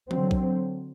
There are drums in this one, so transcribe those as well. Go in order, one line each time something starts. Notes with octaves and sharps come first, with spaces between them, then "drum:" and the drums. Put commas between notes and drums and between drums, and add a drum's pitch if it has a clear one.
D3 F#3 C4, drum: tom E3
drum: kick